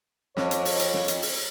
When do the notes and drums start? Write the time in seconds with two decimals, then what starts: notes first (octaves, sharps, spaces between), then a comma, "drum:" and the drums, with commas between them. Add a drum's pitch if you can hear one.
0.37 F2 C#5, drum: snare
0.51 drum: hi-hat
0.65 drum: open hi-hat
0.79 drum: hi-hat
0.94 drum: snare
1.08 drum: hi-hat
1.22 drum: open hi-hat